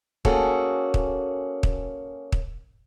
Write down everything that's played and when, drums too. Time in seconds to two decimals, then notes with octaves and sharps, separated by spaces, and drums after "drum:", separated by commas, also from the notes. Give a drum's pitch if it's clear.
0.25 A#3 C#4 F#4 G#4 A4, drum: kick
0.94 drum: kick
1.63 drum: kick
2.32 drum: kick